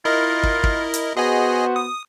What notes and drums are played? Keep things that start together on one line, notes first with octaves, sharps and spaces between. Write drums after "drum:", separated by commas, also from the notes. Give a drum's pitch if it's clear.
E4 F4 A#4 D#5
drum: kick
drum: kick
drum: hi-hat
B3 F#4 G#4 C5 D#5 G#5
D#6